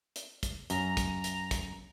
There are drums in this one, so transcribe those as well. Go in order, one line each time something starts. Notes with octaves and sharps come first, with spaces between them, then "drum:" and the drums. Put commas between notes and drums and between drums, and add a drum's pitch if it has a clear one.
drum: hi-hat
drum: kick, hi-hat
F#2 A#5, drum: hi-hat
drum: kick, hi-hat
drum: hi-hat
drum: kick, hi-hat